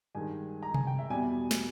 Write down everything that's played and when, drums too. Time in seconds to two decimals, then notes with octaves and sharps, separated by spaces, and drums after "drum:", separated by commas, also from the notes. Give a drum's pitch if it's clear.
0.15 G2 D#3 G#3 G#5
0.63 A#5
0.74 G#5, drum: tom C3
0.87 G5
0.99 E5
1.10 E2 B2 G3 G#5
1.51 drum: snare